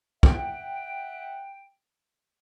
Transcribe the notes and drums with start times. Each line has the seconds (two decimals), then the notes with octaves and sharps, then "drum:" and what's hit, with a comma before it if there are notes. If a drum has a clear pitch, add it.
0.23 E5 F#5 G5, drum: kick